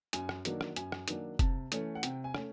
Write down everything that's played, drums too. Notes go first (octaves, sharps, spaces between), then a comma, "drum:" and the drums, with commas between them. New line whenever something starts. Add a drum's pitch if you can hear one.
F#2 G#5, drum: hi-hat
drum: rim click
D#3 F#3 A#3 D4, drum: hi-hat
drum: rim click
F#2 G#5, drum: hi-hat
drum: rim click
D#3 F#3 A#3 D4, drum: hi-hat
C3 A5, drum: kick F1, hi-hat
E3 A3 C#4, drum: hi-hat
F#5
C3 G5, drum: hi-hat
G#5
A3 C#4, drum: rim click